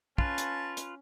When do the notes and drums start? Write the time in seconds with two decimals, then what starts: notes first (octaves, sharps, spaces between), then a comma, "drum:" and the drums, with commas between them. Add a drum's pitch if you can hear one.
0.18 C#4 F4 B4 A5, drum: kick
0.38 drum: hi-hat
0.77 drum: hi-hat